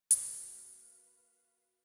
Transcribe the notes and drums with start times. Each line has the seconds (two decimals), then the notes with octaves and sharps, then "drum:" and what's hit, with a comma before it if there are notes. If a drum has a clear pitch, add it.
0.11 A#3 F#4 B4 F5, drum: hi-hat